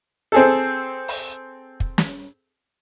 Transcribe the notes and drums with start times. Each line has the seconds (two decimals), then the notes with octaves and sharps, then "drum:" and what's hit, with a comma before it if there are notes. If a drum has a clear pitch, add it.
0.32 C4 G#4 A4
1.08 drum: open hi-hat
1.80 drum: kick
1.98 drum: snare